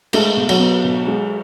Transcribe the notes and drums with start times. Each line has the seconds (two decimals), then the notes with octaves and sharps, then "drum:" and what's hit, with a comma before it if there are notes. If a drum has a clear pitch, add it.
0.13 G#3 A3 A4, drum: cymbal
0.37 B2
0.49 F#3 F#4, drum: cymbal
0.60 B3
0.84 B2
1.07 G#3